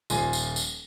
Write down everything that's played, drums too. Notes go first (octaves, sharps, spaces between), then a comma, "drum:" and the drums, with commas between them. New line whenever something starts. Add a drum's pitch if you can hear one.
D#1 F3 G#5 C6, drum: tambourine
drum: tambourine
drum: tambourine